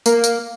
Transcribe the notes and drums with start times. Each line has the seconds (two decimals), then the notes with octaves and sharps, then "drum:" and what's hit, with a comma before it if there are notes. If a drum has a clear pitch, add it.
0.06 A#3, drum: tambourine
0.24 drum: tambourine